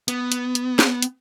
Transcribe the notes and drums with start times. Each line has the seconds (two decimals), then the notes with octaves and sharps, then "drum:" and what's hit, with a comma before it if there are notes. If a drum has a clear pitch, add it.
0.08 B3, drum: hi-hat
0.32 drum: hi-hat
0.55 drum: hi-hat
0.79 drum: snare
1.02 drum: hi-hat